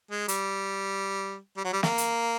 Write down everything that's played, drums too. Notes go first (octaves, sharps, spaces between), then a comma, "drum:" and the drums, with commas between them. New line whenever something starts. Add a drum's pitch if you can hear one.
G#3
G3, drum: hi-hat
G3
F#3
G3
A#3, drum: snare
drum: hi-hat